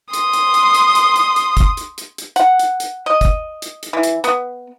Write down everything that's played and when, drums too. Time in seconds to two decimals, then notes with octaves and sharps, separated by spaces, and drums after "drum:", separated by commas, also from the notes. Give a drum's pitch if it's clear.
0.13 C6 D#6, drum: hi-hat
0.33 drum: hi-hat
0.54 drum: hi-hat
0.75 drum: hi-hat
0.95 drum: hi-hat
1.16 drum: hi-hat
1.36 drum: hi-hat
1.57 drum: kick, hi-hat
1.77 drum: hi-hat
1.98 drum: hi-hat
2.18 drum: hi-hat
2.36 F#5, drum: hi-hat
2.59 drum: hi-hat
2.80 drum: hi-hat
3.06 D#5
3.21 drum: kick, hi-hat
3.62 drum: hi-hat
3.83 drum: hi-hat
3.93 E3
4.03 drum: hi-hat
4.24 B3, drum: hi-hat